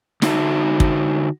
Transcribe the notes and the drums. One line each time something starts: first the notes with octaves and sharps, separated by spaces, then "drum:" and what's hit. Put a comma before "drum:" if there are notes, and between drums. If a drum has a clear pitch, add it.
D3 D#4 F#4 E5 A5, drum: snare
drum: kick